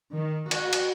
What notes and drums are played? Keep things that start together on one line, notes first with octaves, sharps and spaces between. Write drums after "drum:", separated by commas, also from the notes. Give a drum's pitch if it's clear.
D#3
F#4, drum: cymbal
drum: cymbal